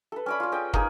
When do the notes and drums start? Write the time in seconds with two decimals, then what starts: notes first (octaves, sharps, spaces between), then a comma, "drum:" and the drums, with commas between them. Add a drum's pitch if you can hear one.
0.12 A4 B4
0.26 C#4 D5 B5
0.40 F4 D5
0.52 C#4 G#4 D#5 G5
0.73 A#3 D#4 G#4, drum: kick